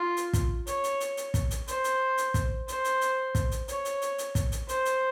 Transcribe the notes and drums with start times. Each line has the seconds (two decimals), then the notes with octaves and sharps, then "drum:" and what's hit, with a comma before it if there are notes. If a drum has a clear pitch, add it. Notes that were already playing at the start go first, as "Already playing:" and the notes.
Already playing: F4
0.17 drum: hi-hat
0.33 drum: kick, hi-hat
0.67 C#5, drum: hi-hat
0.84 drum: hi-hat
1.00 drum: hi-hat
1.17 drum: hi-hat
1.34 drum: kick, hi-hat
1.51 drum: hi-hat
1.68 C5, drum: hi-hat
1.84 drum: hi-hat
2.18 drum: hi-hat
2.34 drum: kick, hi-hat
2.68 C5, drum: hi-hat
2.84 drum: hi-hat
3.01 drum: hi-hat
3.35 drum: kick, hi-hat
3.51 drum: hi-hat
3.68 C#5, drum: hi-hat
3.85 drum: hi-hat
4.02 drum: hi-hat
4.18 drum: hi-hat
4.35 drum: kick, hi-hat
4.52 drum: hi-hat
4.69 C5, drum: hi-hat
4.85 drum: hi-hat